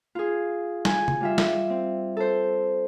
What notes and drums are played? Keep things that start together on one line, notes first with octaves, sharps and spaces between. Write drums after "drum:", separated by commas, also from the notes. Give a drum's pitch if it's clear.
F4 G#4
G#5, drum: snare
drum: tom
G3 F4 E5
drum: snare
C4
A4 C5